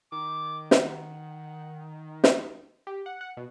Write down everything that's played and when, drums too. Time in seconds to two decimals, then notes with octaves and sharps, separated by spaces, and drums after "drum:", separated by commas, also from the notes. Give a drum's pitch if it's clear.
0.12 D#3 D6
0.71 F#5, drum: snare
2.24 drum: snare
2.87 G4
3.06 F#5
3.21 F#5
3.37 B2